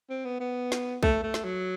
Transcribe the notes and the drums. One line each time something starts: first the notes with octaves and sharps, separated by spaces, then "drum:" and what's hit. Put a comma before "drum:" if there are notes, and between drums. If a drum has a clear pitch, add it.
C4
B3
B3
drum: snare
A3, drum: kick
A3
drum: snare
F#3